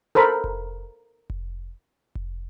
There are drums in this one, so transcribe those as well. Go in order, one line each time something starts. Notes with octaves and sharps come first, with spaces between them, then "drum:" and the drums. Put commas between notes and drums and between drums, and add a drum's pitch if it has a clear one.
A4 A#4 C5 B5
drum: kick F1
drum: kick F1
drum: kick F1